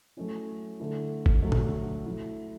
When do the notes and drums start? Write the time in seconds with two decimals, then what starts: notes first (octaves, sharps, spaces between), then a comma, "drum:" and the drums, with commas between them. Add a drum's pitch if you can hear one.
0.17 F#3 A3 C#4 E4
0.80 D3 A3 E4
1.26 drum: kick
1.43 D3 F#3 A3
1.52 drum: tom
2.06 F#3 A3 E4